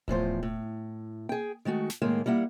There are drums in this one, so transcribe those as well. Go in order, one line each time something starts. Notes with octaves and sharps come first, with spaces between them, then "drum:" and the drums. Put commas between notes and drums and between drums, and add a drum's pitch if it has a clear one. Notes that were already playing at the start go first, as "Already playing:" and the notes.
E2 A2 F3 C5, drum: kick D1
A2
G#4 G5, drum: tom A#3
D#3 G#3 A3 F#4
drum: snare
A2 D#3 G#3 A#3
G3 A#3 E4 F#5